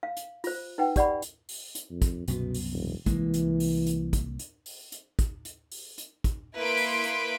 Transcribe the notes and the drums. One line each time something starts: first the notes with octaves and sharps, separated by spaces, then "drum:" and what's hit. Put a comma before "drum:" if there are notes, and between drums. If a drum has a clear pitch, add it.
F5
drum: hi-hat
F4 C5, drum: open hi-hat
D#4 B4 F#5 G5
G4 D5 F#5 B5, drum: kick, hi-hat
drum: hi-hat
drum: open hi-hat
drum: hi-hat
F2
drum: kick, hi-hat
C2 F#2 B2 B3, drum: hi-hat
drum: open hi-hat
E1
C2 E3 G#3 A#3, drum: kick, hi-hat
drum: hi-hat
drum: open hi-hat
drum: hi-hat
drum: kick, hi-hat
drum: hi-hat
drum: open hi-hat
drum: hi-hat
drum: kick, hi-hat
drum: hi-hat
drum: open hi-hat
drum: hi-hat
drum: kick, hi-hat
A#3 E4 B4 C6 B6 D7
drum: open hi-hat
drum: hi-hat